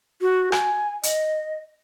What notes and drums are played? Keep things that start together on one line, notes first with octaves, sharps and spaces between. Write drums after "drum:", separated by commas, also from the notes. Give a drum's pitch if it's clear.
F#4
G#5, drum: rim click
D#5, drum: hi-hat